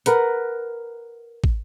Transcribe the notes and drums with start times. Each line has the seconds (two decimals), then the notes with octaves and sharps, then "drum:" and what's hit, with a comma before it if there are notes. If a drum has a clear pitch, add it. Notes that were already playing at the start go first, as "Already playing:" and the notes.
0.06 A#4 B4 F#5, drum: hi-hat
1.44 drum: kick